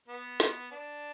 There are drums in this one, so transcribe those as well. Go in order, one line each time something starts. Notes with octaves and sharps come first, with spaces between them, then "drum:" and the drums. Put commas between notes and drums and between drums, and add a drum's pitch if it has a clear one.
B3
drum: snare
D4